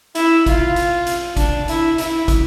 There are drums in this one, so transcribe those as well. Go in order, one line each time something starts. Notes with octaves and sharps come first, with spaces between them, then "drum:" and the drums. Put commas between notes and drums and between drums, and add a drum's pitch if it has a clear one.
E4, drum: hi-hat
F4, drum: kick, hi-hat
drum: hi-hat
drum: hi-hat
D4, drum: kick, hi-hat
E4, drum: hi-hat
E4, drum: hi-hat
drum: kick, hi-hat